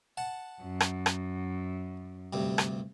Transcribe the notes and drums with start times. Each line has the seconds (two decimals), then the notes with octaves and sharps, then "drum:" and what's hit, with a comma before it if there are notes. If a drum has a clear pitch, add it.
0.17 F#5 A5
0.61 F#2
0.80 drum: rim click
1.06 drum: rim click
2.33 D2 G2 C3
2.58 drum: rim click